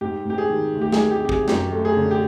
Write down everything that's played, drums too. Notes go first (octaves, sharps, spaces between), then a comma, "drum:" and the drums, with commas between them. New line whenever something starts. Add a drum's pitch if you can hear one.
G#2 G4
G#2 G4
G#4
D#3
D2
G4
G#4, drum: snare
G#3
G4
C3 G4
G#4, drum: kick
F#2 G4, drum: snare
A3
G#4
D3
G4